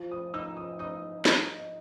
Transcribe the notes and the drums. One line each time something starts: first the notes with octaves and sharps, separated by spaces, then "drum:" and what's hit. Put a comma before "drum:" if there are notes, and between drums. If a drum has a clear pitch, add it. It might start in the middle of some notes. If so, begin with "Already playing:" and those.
Already playing: F3
D#6
D#4 E6
D#6
D#4 D#6
D#4, drum: snare